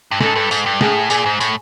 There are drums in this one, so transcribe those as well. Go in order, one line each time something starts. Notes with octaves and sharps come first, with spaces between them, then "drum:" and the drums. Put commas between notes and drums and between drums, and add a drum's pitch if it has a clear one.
G2
G#2 A4, drum: snare
G2
G#2, drum: tambourine
G2
A2 G#4, drum: snare
A#2 G#4, drum: tambourine
G#2
A2, drum: tambourine